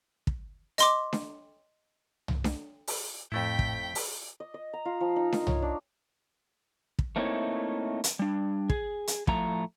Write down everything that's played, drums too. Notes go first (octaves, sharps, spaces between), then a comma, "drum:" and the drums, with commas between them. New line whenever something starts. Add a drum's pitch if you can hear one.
drum: kick
D#5 C6 D6, drum: hi-hat
drum: snare D4
drum: tom C2
drum: snare D4
drum: open hi-hat
F2 A2 A3 E4 G5 B6
drum: kick
drum: open hi-hat
D#5
D#5
A#5
F4
F3
D#4
A#4, drum: snare D4
C#5, drum: tom C2
D4
drum: kick
A3 A#3 C4 D#4 E4 C#5
drum: hi-hat
G3 D4
G#4, drum: kick
drum: hi-hat
A2 F3 A3 A#5, drum: kick